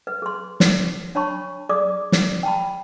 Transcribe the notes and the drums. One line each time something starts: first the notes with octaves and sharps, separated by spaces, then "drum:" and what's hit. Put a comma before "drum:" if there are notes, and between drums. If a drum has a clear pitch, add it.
B4
G#4 C6
drum: snare
D4 C#5 A5 B5 C#6
G#4 D5 D6 D#6
drum: snare
G5 A5 B5